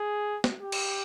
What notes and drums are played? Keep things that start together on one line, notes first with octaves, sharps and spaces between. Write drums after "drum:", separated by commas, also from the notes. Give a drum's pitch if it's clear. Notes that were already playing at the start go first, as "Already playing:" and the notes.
Already playing: G#4
drum: snare
G4
drum: cymbal